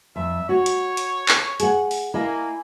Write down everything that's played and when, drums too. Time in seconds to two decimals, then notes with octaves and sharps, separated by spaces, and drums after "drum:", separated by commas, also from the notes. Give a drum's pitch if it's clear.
0.16 F2 E5
0.49 F#4 C#5
0.66 drum: hi-hat
0.97 drum: hi-hat
1.28 drum: clap
1.60 G#4 F#5, drum: hi-hat
1.91 drum: open hi-hat
2.14 A#3 E4 D#5 G#5